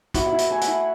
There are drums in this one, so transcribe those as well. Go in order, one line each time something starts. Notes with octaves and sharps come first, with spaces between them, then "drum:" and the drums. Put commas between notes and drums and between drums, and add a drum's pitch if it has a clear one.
E4 F#4, drum: kick, hi-hat
F#5
E4
E5, drum: hi-hat
A3 G#5
F#5, drum: hi-hat
E4